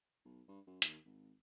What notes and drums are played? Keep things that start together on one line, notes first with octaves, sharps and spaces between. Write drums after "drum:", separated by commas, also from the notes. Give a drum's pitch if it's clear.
B1
G2
F#2
D#2, drum: hi-hat
G#1